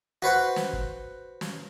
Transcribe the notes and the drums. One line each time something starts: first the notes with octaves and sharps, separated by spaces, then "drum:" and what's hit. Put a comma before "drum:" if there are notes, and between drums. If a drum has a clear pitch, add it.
F#4 B4 C5 F#5
drum: snare
drum: kick
drum: snare